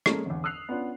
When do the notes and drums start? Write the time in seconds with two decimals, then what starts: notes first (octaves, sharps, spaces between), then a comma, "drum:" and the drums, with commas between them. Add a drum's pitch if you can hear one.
0.06 G#3 A#3 C#4 A4, drum: rim click
0.26 G1 E2
0.44 D#6 E6 F#6 C7 F7
0.69 B3 C#4 D4 F4